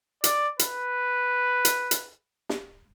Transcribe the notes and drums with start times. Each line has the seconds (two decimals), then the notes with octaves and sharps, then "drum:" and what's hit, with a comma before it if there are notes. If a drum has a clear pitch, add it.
0.24 D5, drum: hi-hat
0.59 B4, drum: hi-hat
1.65 drum: hi-hat
1.91 drum: hi-hat
2.49 drum: snare